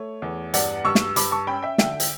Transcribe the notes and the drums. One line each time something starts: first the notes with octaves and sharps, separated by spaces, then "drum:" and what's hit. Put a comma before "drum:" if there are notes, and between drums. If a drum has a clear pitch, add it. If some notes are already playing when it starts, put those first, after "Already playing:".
Already playing: A3 C#5
E2
G2 D5 F#5, drum: hi-hat
G2 C#6 E6
drum: snare
G2 B5 D6, drum: hi-hat
A5 C#6
C#4 G5 B5
E5 G5
D3 E5 G5, drum: snare
drum: hi-hat